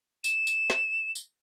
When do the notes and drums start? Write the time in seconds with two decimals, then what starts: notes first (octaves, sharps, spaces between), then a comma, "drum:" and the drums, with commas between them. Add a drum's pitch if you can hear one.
0.24 E7, drum: tambourine
0.47 drum: tambourine
0.70 drum: snare
1.15 drum: tambourine